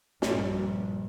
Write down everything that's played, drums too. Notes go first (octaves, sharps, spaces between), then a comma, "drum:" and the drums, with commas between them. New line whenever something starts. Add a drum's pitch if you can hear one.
A#1 G2, drum: snare